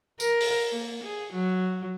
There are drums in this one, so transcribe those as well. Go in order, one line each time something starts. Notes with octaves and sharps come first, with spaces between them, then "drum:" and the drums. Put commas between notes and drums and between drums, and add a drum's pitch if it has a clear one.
A#4, drum: tambourine
drum: open hi-hat
A#3
G#4
F#3